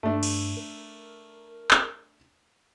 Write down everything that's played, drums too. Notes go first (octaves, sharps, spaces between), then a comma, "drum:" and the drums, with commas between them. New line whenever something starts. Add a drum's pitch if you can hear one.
G2 A3 D4
drum: cymbal
A#4
drum: clap